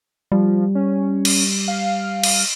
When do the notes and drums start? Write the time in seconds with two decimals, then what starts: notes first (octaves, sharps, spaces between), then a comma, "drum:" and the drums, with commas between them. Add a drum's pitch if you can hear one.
0.32 F3 G3
0.75 C#4
1.25 drum: cymbal
1.68 F5
2.23 drum: cymbal